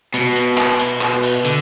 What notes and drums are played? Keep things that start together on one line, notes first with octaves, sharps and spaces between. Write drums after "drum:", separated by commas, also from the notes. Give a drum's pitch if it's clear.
B2, drum: hi-hat
drum: hi-hat
drum: clap
drum: hi-hat
drum: clap
drum: open hi-hat
D3, drum: hi-hat